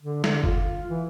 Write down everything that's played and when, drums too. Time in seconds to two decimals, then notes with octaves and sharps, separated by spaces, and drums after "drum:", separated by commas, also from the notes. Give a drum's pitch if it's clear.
0.02 D3
0.24 D3, drum: snare
0.44 F4, drum: kick F#1
0.88 E3